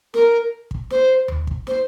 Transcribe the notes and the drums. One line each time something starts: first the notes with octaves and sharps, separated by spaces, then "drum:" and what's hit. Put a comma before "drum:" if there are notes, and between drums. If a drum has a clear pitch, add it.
A#4, drum: snare
drum: kick
C5, drum: snare
drum: tom D#2
drum: kick
C5, drum: snare